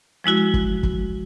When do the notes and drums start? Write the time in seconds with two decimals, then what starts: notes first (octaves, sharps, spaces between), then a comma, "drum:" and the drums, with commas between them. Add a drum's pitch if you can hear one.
0.24 F3 G#3 E4 F#4
0.54 drum: kick
0.83 drum: kick